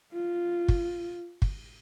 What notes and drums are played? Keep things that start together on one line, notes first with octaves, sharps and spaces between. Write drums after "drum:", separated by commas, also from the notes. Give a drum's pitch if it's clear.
F4
drum: kick
drum: kick